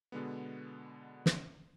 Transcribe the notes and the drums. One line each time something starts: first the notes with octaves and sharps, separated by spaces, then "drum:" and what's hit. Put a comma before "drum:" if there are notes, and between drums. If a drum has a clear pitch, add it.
B2 D3 G#3 B3
drum: snare